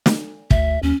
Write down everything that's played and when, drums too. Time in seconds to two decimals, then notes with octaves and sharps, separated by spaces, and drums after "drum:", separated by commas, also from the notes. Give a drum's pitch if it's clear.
0.06 drum: snare
0.51 D2 E5, drum: kick
0.83 D#2 C#4